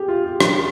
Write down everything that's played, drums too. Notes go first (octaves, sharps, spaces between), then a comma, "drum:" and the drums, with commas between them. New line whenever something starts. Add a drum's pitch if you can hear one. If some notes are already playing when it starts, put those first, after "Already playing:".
Already playing: G4 G#4
F4
G4
drum: rim click